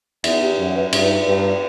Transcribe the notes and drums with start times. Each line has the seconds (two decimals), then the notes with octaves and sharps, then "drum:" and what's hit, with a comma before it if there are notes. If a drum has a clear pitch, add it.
0.24 E2 E5, drum: cymbal
0.41 G4
0.58 F#2 E5
0.76 B4
0.93 G2 E5, drum: cymbal
1.10 B4
1.26 G2 B4
1.44 B4